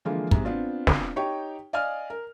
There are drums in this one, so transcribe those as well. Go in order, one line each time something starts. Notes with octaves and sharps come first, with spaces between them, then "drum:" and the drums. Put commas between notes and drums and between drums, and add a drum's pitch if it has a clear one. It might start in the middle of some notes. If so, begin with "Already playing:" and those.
D3 E3 F3 G#3 A#3 F4
G#2 C3, drum: kick
B3 C4 D4 F4
drum: snare
D#4 G4 C#5 G5 C#6
D5 D#5 F5 G#5 F6
A#4